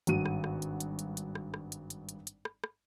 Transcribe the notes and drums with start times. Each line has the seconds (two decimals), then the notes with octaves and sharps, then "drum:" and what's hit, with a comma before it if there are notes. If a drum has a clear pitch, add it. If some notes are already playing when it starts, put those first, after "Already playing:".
0.07 G#1 G2 F#4 D#7, drum: hi-hat
0.26 drum: rim click
0.44 drum: rim click
0.62 drum: hi-hat
0.80 drum: hi-hat
0.99 drum: hi-hat
1.17 drum: hi-hat
1.35 drum: rim click
1.54 drum: rim click
1.72 drum: hi-hat
1.90 drum: hi-hat
2.09 drum: hi-hat
2.27 drum: hi-hat
2.45 drum: rim click
2.64 drum: rim click